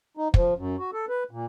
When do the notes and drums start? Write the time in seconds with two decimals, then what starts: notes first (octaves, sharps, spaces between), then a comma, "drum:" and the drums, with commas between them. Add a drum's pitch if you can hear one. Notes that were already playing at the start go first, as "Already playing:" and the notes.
0.17 D#4
0.34 F3, drum: kick
0.56 F#2
0.78 F#4
0.93 A4
1.09 B4
1.31 A#2